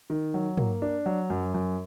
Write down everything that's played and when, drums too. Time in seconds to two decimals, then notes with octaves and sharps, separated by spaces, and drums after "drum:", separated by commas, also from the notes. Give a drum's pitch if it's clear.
0.10 D#3
0.34 F#3
0.57 A#3, drum: tom
0.82 D4
1.06 F#3
1.30 F#2
1.54 F#2